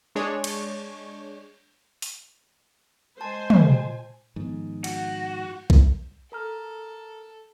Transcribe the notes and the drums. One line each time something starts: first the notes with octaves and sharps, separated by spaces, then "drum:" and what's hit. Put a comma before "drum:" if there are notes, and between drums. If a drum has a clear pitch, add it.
G#3 D4 C#5
drum: cymbal
drum: open hi-hat
G#3 C5 G#5 A5
drum: tom
G#2 D#3 F3 B3
F#4, drum: cymbal
drum: kick B1
A4 A#4 A#5 F6